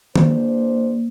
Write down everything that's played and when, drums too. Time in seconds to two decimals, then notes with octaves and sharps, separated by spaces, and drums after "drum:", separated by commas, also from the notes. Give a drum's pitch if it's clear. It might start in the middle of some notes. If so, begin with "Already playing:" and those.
0.16 E2 A#3 D4 C5, drum: tom D#3